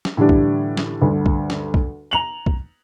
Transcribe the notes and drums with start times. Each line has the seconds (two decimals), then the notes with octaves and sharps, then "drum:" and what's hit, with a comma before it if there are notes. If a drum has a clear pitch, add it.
0.05 drum: snare
0.17 A2 D3 E3 G3 D4
0.29 drum: kick
0.77 drum: snare
1.02 D2 G2 D3
1.26 drum: kick
1.50 drum: snare
1.74 drum: kick
2.11 A#5 F7 F#7
2.46 drum: kick